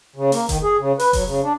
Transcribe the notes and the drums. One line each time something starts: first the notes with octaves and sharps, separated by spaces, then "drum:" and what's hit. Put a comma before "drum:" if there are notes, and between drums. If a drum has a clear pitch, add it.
C#3
A#3, drum: open hi-hat
D#3, drum: kick F1, hi-hat
G#4
C#3
B4, drum: open hi-hat
F#3, drum: kick F1, open hi-hat
C#3
D4